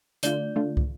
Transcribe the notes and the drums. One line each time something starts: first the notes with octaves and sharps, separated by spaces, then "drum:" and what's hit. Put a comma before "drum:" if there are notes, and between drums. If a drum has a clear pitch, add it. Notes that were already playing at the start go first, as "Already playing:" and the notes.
D3 A3 D4 F4 D5, drum: hi-hat
D3 A3 D4 F4
drum: kick